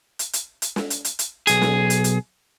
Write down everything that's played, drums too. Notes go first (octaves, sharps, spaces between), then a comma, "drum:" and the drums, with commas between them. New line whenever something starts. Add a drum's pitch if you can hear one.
drum: hi-hat
drum: hi-hat
drum: hi-hat
drum: snare
drum: hi-hat
drum: hi-hat
drum: hi-hat
B1 G#4, drum: hi-hat
drum: snare
drum: hi-hat
drum: hi-hat